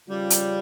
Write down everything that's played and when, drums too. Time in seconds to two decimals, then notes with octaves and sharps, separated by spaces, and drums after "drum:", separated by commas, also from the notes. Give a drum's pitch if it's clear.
0.08 C#3 F3 G3 C#4 F4
0.30 drum: hi-hat